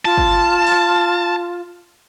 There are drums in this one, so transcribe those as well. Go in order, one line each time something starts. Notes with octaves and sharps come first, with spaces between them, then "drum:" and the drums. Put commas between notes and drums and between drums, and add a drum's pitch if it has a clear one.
F4 A5
drum: kick
drum: open hi-hat